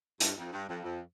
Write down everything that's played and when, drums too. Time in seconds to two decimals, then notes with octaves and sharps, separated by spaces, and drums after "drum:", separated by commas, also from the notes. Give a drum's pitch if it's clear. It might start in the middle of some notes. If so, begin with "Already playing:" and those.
0.20 G2, drum: hi-hat
0.37 F2
0.53 G2
0.69 F2
0.83 F2